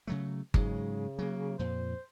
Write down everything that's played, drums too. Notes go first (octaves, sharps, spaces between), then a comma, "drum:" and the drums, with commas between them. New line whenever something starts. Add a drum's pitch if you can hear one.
C#3 F#3 A3
G#2 C#3 F#3 G#3, drum: kick G1
F#3 A#3
F2 A#2 C5